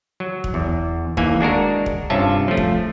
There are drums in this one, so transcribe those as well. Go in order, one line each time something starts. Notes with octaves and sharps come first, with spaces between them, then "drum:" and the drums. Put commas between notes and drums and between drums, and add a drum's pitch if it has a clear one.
F#3
drum: kick
E2
D#2 E3 A#3 G#5, drum: kick
G#3 D4 F#4 A#4
drum: kick
G2 C3 C#4 F4 E5 A5
F3 A3
drum: kick